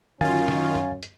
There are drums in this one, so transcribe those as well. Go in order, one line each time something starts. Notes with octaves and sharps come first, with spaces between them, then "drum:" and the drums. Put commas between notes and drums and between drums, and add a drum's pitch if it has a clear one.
F#2 D#3 C#4 F4 F5 G#5 A6, drum: tom D3
drum: snare
drum: tom F#2
drum: hi-hat